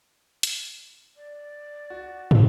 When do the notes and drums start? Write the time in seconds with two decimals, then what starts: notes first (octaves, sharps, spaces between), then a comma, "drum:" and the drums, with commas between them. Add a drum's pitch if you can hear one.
0.43 drum: hi-hat
1.17 D5
1.90 F#4
2.31 F#3, drum: tom